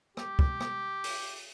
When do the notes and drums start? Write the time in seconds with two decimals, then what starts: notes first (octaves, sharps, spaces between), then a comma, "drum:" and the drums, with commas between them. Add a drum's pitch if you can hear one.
0.17 G4, drum: rim click
0.39 drum: kick
0.60 drum: rim click
1.04 drum: open hi-hat